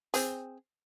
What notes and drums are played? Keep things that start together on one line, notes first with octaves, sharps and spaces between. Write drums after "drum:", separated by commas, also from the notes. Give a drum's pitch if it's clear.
C4 G#4, drum: hi-hat